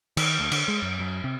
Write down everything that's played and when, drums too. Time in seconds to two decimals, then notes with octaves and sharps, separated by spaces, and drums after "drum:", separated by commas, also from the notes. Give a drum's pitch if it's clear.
0.17 D#3, drum: cymbal
0.40 D2
0.52 D3, drum: cymbal
0.68 G#3
0.82 F#2
1.00 F#2
1.24 C3